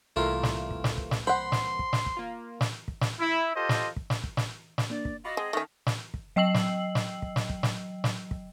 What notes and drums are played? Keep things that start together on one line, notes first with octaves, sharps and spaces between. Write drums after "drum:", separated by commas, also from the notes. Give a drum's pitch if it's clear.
C2 E3 A3 A#3 F4 A#4
drum: snare
drum: kick
drum: snare
drum: kick
drum: snare
C5 F#5 B5 C6
drum: snare
drum: kick
drum: snare
drum: kick
A#3 F4
drum: snare
drum: kick
drum: snare
E4
F4 G4 A4 C5 D#5
drum: snare
drum: kick
drum: snare
drum: kick
drum: snare
drum: snare
A#3 D4 D5
drum: kick
F4 F#4 D#5 B5 D6 A6
G#3 C4 G#4 F#5 A5
D#3 A3 C#4
drum: snare
drum: kick
F#3 D#5 G5 E6 C7 F#7
drum: snare
drum: snare
drum: kick
drum: snare
drum: kick
drum: snare
drum: snare
drum: kick